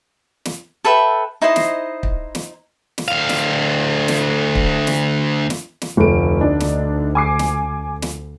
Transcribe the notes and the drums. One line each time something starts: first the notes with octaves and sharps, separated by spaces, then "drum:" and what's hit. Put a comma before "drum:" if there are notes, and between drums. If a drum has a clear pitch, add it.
drum: snare
A4 B4 E5 G5
D#4 E4 C5 D#5
drum: snare
drum: kick
drum: snare
drum: snare
D2 F5
drum: snare
drum: snare
drum: kick
drum: snare
drum: snare
drum: snare
F1 D2 A3 D7
D4 D#4
drum: snare
G#5 D6 C7
drum: snare
drum: snare